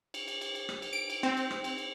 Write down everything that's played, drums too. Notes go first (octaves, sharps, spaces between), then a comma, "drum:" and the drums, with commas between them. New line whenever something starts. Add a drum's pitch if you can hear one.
drum: cymbal
drum: cymbal
drum: cymbal
drum: cymbal
drum: rim click
drum: cymbal
D7
drum: cymbal
C4
drum: cymbal
drum: rim click
drum: cymbal
drum: cymbal